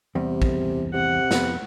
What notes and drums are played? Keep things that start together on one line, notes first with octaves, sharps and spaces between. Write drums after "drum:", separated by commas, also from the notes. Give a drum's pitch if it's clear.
E2 C3 G3
drum: kick
C3 F#5
F2 B3, drum: snare